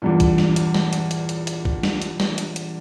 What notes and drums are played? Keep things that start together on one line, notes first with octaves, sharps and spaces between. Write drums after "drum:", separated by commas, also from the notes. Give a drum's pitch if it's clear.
E2 G2 A#2
drum: kick, hi-hat
drum: snare
drum: hi-hat
drum: snare
drum: hi-hat
drum: hi-hat
drum: hi-hat
drum: hi-hat
drum: kick
drum: snare
drum: hi-hat
drum: snare
drum: hi-hat
drum: hi-hat